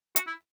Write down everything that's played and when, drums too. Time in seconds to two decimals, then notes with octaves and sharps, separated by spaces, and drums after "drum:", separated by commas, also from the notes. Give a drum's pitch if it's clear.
0.16 F#4, drum: hi-hat
0.27 E4